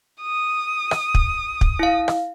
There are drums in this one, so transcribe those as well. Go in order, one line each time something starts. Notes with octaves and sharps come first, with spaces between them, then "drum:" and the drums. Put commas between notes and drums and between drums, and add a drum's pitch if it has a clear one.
D#6
drum: rim click
drum: kick
drum: kick
E4 F5
drum: rim click